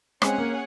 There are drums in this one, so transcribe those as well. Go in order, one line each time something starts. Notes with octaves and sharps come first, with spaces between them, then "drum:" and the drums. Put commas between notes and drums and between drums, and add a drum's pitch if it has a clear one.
G#3 C4 C#4 G#4 C#5 F#5, drum: rim click
A#3